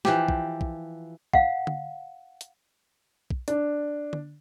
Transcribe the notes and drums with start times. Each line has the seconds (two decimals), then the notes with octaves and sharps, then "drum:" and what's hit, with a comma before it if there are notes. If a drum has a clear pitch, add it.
0.05 E3 F3 G4, drum: snare
0.28 drum: kick
0.61 drum: kick
1.34 F5 F#5, drum: kick
1.67 drum: tom D3
2.41 drum: hi-hat
3.30 drum: kick
3.48 D4, drum: hi-hat
4.13 drum: tom D3